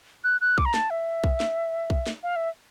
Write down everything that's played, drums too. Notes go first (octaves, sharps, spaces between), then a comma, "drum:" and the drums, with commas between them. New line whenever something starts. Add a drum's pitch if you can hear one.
F#6
F#6
D6, drum: kick B1
A#5
A5, drum: snare
E5
drum: kick B1
drum: snare
drum: kick B1
drum: snare
F5
E5